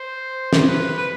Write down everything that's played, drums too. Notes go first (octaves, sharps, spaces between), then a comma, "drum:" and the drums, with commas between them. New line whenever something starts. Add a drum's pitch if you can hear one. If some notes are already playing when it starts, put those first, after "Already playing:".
Already playing: C5
drum: snare
B4
B4